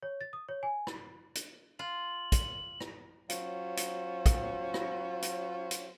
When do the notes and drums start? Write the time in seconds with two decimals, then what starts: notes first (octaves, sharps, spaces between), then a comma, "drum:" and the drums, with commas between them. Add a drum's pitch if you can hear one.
0.03 C#5
0.21 A6
0.33 D#6
0.48 C#5
0.63 G#5
0.87 drum: rim click
1.35 drum: hi-hat
1.79 F4 F#7
2.32 drum: kick, hi-hat
2.80 drum: rim click
3.30 F#3 C#4 F4 C5, drum: hi-hat
3.77 drum: hi-hat
4.26 drum: kick, hi-hat
4.74 drum: rim click
5.22 drum: hi-hat
5.71 drum: hi-hat